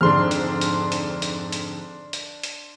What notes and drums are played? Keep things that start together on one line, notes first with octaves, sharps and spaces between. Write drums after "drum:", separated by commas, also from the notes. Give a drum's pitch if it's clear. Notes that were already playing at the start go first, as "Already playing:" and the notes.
F2 G#2 D3 D4 C6 F6
drum: hi-hat
drum: hi-hat
drum: hi-hat
drum: hi-hat
drum: hi-hat
drum: hi-hat
drum: hi-hat